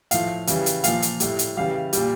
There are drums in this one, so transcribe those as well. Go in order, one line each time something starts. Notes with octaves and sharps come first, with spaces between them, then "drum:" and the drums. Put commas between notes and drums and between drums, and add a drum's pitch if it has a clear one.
A2 F3 F5, drum: hi-hat
C#3 E3 G3, drum: hi-hat
drum: hi-hat
A#2 F3 F5, drum: hi-hat
drum: hi-hat
A2 G3, drum: hi-hat
drum: hi-hat
C#3 E3 G3 F5
A#2 G3, drum: hi-hat